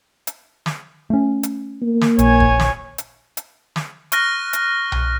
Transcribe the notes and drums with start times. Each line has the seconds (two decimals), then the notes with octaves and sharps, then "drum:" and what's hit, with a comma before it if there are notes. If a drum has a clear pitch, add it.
0.27 drum: hi-hat
0.66 drum: snare
1.10 A3 C#4
1.43 drum: hi-hat
1.82 A#3
2.01 drum: snare
2.19 A#1 C#5 G#5, drum: hi-hat
2.40 drum: kick
2.59 drum: snare
2.98 drum: hi-hat
3.37 drum: hi-hat
3.76 drum: snare
4.12 C#6 F6 F#6 A#6, drum: hi-hat
4.53 drum: hi-hat
4.92 drum: tom B1